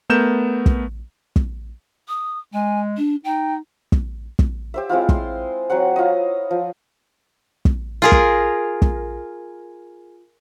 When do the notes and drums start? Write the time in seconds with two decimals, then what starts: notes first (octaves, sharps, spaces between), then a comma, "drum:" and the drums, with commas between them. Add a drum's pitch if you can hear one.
0.09 A3 B3 A#4 G6 E7
0.66 drum: kick
1.36 drum: kick
2.08 D#6
2.54 G#3 G#5
2.98 D4
3.24 D#4 G5
3.92 drum: kick
4.39 drum: kick
4.74 G4 C5 E5
4.89 G#3 C4 E4 F4
5.09 C6, drum: kick
5.70 F#3 C4 C5 F#5
5.96 E4 F4 C#5 D#5
6.51 F3
7.65 drum: kick
8.02 F4 G#4 A#4
8.12 drum: kick
8.82 drum: kick